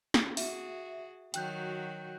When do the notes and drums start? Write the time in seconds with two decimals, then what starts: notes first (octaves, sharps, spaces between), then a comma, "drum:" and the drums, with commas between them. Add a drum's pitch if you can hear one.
0.14 drum: snare
0.37 F#4 G#4 E5, drum: open hi-hat
1.34 D#3 F#3 F#4 G5 F#6 G6, drum: hi-hat